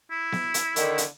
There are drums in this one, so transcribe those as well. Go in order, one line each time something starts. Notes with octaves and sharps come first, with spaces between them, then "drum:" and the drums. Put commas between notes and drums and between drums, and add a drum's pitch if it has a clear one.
E4
drum: snare B3
drum: hi-hat
D3 D#3, drum: hi-hat
drum: hi-hat